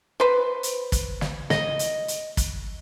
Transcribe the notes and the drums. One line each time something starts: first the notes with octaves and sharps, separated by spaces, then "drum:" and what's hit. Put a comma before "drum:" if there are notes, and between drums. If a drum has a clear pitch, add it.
B4 C5
drum: hi-hat
drum: kick, hi-hat
drum: snare
D#5, drum: snare
drum: hi-hat
drum: hi-hat
drum: kick, hi-hat